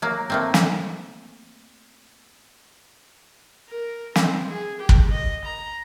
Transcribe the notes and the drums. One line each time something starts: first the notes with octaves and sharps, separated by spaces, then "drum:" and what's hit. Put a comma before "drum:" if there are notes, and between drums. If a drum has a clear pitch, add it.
F#3 A#3
A3 A#3 C4
drum: snare
A#4
C4, drum: snare
G#4
G4
drum: kick
D#5
A#5